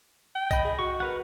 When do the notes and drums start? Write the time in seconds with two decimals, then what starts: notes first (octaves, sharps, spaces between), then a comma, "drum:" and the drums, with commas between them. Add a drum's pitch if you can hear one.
0.36 G5
0.51 D#5 B5, drum: kick A#1, tambourine
0.65 G#4
0.79 F#4 C#6
1.00 A#4 B4 F#5